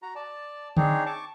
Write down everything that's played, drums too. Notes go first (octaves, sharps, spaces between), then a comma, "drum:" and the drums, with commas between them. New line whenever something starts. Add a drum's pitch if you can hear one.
F#4 A#5
D5 A5
C4 D4 D#4 G#4 C#5, drum: tom D3
A5 C#6 D6